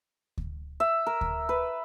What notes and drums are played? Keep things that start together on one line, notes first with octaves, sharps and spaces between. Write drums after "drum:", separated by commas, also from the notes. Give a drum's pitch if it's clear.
drum: kick D2
E5
A#4
drum: kick D2
B4